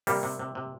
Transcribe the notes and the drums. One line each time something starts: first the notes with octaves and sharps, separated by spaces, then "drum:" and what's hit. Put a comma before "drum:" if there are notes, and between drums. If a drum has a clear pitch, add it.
C3 G3 A#3, drum: open hi-hat
C3
C3
C3